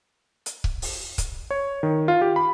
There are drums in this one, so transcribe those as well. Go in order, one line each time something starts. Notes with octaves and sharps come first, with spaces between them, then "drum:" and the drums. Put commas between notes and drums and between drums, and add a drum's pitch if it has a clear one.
drum: hi-hat
drum: kick C#1
drum: open hi-hat
drum: kick C#1, hi-hat
C#5
D#3
F4
G4
B5